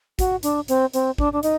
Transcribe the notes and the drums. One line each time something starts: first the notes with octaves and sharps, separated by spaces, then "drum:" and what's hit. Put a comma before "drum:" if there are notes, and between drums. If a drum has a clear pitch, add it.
F#4, drum: kick, hi-hat
D4, drum: hi-hat
C4, drum: hi-hat
C4, drum: hi-hat
D4, drum: kick
D4
D#4, drum: hi-hat